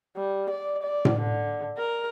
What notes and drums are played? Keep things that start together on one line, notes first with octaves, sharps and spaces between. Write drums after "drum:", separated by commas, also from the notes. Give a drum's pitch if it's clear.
G3
D5
D5
drum: tom A2
D3
A#4